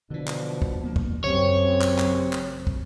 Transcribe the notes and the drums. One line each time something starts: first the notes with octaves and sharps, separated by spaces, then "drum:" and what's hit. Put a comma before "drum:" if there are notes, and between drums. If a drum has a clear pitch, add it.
B2 D3 E3 F3 D4
drum: clap
drum: kick
F3 A#3 B3
drum: kick
A1 F#2 C#3 C4 G4 C5 C#5
drum: clap
drum: clap
drum: clap
drum: kick